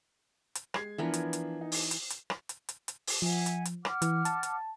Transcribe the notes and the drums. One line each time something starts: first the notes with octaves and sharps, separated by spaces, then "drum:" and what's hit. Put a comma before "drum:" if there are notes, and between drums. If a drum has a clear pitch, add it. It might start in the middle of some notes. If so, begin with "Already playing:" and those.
drum: hi-hat
G#3 G#6 C7, drum: rim click
E3 F3 B3 D4 A#4
drum: hi-hat
drum: hi-hat
D#4
drum: open hi-hat
drum: hi-hat
drum: hi-hat
drum: rim click
drum: hi-hat
drum: hi-hat
drum: hi-hat
drum: open hi-hat
F3 E5 F#5 G#5
drum: hi-hat
drum: hi-hat
F#5 D6 F6, drum: rim click
E3, drum: hi-hat
A5, drum: hi-hat
drum: hi-hat